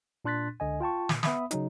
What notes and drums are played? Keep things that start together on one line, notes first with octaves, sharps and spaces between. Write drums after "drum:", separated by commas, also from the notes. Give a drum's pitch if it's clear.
A#2 D4 C6 F#6 A6 B6
C#2 D3 D#5 G#5
F4 G5 A5 C#6
A#2, drum: snare
B3 E5 B5 D#6, drum: snare
C#3 F#3 D#4, drum: hi-hat